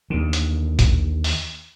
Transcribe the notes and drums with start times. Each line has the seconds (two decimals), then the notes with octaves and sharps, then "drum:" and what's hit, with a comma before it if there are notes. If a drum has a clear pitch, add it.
0.10 D#2 D3
0.33 drum: hi-hat
0.79 drum: kick, hi-hat
1.24 drum: open hi-hat